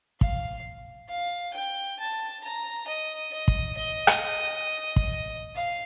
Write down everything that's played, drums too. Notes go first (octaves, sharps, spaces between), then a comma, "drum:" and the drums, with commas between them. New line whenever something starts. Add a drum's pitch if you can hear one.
F5, drum: kick
F5
G5
A5
A#5
D#5
D#5
drum: kick
D#5
drum: rim click
drum: kick
F5